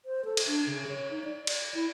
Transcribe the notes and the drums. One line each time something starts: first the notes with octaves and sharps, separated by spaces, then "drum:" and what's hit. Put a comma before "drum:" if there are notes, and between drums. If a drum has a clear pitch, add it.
C5
A4
drum: cymbal
D4
C#3
C#5
D#4
D5
D5, drum: cymbal
E4